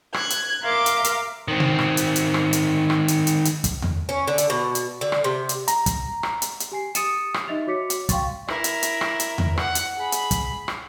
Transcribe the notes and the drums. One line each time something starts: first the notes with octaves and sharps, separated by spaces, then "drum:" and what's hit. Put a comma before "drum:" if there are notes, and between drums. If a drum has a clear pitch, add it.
F#6 G#6, drum: rim click
drum: hi-hat
A#4 E5 F5 C6 D6
drum: hi-hat
drum: hi-hat
D#3 C4
drum: tom B2
drum: rim click
drum: hi-hat
drum: hi-hat
drum: rim click
drum: hi-hat
drum: rim click
drum: hi-hat
drum: hi-hat
drum: hi-hat
drum: kick, hi-hat
drum: tom E2
C#4
D3
drum: hi-hat
B2
drum: hi-hat
D3
drum: rim click
C3
drum: hi-hat
A#5, drum: hi-hat
drum: kick, hi-hat
drum: rim click
drum: hi-hat
drum: hi-hat
G4 G#5 C7
G4 D#6 A6 C#7 D#7 E7, drum: hi-hat
drum: rim click
D#4 D#5 E5 A6 F7
F#4 C#5 D6 B6 C#7
drum: hi-hat
F5 G5 C6 C#6 A6, drum: kick, hi-hat
E4 A#4, drum: rim click
drum: hi-hat
drum: hi-hat
drum: rim click
drum: hi-hat
drum: tom E2
F#5, drum: rim click
drum: hi-hat
G#4 B5
drum: hi-hat
drum: kick, hi-hat
drum: rim click